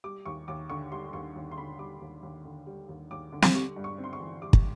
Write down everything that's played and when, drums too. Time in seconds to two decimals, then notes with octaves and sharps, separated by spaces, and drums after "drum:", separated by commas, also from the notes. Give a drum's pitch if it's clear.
0.04 G3 D6
0.26 D#2 C#6
0.48 D#2 D6
0.70 D3 C#6
0.92 G3 C6
1.13 D#2 C#6
1.35 D#2
1.51 C6
1.58 D3 B5
1.79 G3 D6
2.01 D#2
2.23 D#2
2.45 D3
2.67 G3
2.89 D#2
3.11 D#2 D6
3.33 D3
3.42 drum: snare
3.55 G3 C#6
3.76 G2
3.84 C#6
3.98 C4
4.04 C6
4.13 C#6
4.20 E3
4.42 G3 D6
4.53 drum: kick